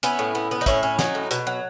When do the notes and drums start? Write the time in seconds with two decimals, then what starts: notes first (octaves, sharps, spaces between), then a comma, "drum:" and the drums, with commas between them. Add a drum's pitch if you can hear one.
0.03 B3 C#4 E4, drum: hi-hat
0.19 A2
0.35 B3
0.51 B3
0.61 D#4
0.66 A2 C#4 E4, drum: kick, hi-hat
0.83 C#4
0.99 F#3 D#4, drum: snare
1.15 A2
1.31 B2, drum: hi-hat
1.47 F#3